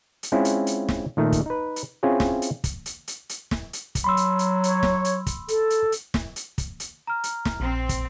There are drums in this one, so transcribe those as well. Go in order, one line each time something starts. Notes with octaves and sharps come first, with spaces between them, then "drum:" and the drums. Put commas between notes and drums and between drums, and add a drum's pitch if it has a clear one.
drum: hi-hat
G#3 C4 C#4 E4 F4
drum: hi-hat
drum: hi-hat
drum: snare
A#2 D#3 A3
drum: kick, hi-hat
D#4 B4
drum: hi-hat
C4 C#4 E4 F4 G#4 C#5
drum: snare
drum: hi-hat
drum: kick, hi-hat
drum: hi-hat
drum: hi-hat
drum: hi-hat
drum: snare
drum: hi-hat
drum: kick, hi-hat
F#3 B5 C6 E6
drum: hi-hat
drum: hi-hat
C#5, drum: hi-hat
drum: snare
drum: hi-hat
drum: kick, hi-hat
A4, drum: hi-hat
drum: hi-hat
drum: hi-hat
drum: snare
drum: hi-hat
drum: kick, hi-hat
drum: hi-hat
A#5 F6
drum: hi-hat
drum: snare
A#1 C4
drum: kick, hi-hat